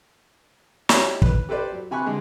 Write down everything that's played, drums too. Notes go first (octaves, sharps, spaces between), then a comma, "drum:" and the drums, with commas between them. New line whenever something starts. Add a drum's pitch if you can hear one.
D#4 E4 F#4 G4 C#5 D5, drum: snare
B4, drum: kick
G4 A4 B4 C5 D5
F#3
C3 G#5 B5 C#6 F#6
D3 G#3